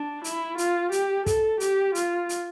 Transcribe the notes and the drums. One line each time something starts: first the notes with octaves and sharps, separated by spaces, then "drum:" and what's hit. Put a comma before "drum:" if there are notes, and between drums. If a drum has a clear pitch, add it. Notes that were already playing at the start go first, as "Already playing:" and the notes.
Already playing: D4
E4, drum: hi-hat
F4, drum: hi-hat
G4, drum: hi-hat
A4, drum: kick, hi-hat
G4, drum: hi-hat
F4, drum: hi-hat
drum: hi-hat